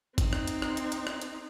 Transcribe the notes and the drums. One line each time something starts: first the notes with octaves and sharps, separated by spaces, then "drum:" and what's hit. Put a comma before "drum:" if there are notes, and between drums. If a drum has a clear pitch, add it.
C4 D#4, drum: kick, hi-hat
drum: rim click
drum: hi-hat
drum: rim click
drum: hi-hat
drum: hi-hat
drum: rim click
drum: hi-hat